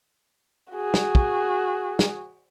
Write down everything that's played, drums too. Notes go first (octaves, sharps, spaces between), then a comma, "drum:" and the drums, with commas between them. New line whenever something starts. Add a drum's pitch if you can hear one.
F#4 G#4
drum: snare
drum: kick
drum: snare